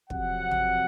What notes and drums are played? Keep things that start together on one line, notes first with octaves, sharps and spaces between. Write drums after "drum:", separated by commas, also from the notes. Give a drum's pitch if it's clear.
F2 C3 F#3 F#5, drum: kick
drum: tom